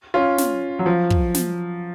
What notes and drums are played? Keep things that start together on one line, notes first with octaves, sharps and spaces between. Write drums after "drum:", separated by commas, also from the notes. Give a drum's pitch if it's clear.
C#4 F4
drum: snare
F#3
F3
drum: kick
drum: snare